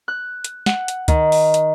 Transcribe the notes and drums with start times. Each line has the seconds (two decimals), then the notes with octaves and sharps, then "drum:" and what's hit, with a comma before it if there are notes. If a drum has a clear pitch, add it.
0.08 F#6
0.44 drum: hi-hat
0.66 F#5, drum: snare
0.88 drum: hi-hat
1.08 D#3, drum: kick C#2, hi-hat
1.32 drum: open hi-hat
1.54 drum: hi-hat